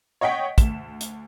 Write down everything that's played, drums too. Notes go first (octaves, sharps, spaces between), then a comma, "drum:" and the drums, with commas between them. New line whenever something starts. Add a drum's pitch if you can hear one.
C#5 D#5 F#5 G5 B6
D2 E7, drum: kick, hi-hat
drum: hi-hat